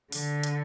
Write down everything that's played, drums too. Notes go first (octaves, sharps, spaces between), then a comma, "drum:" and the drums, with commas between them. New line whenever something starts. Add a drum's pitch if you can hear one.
D3, drum: open hi-hat
drum: hi-hat